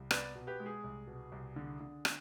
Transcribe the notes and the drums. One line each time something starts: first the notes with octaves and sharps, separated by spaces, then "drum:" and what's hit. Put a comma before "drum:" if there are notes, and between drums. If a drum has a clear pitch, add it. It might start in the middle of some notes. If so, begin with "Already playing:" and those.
Already playing: C2
B3 B4 D5, drum: rim click
B2
G4 B4
G#3
G#4
C2
B2
C2
D3
D3
drum: rim click